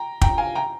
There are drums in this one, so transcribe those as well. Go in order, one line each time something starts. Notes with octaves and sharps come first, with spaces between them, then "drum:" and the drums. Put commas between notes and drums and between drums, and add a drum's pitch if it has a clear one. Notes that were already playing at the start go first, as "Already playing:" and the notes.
Already playing: G5 A#5
G5 A#5, drum: kick
F5 G#5
G5 A#5